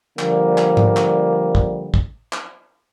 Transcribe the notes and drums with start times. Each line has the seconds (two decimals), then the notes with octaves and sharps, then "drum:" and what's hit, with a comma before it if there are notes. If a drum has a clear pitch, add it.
0.19 D3 F3 G3 A#3, drum: clap
0.58 drum: clap
0.77 drum: tom G#2
0.96 drum: clap
1.55 drum: kick
1.94 drum: kick
2.33 drum: clap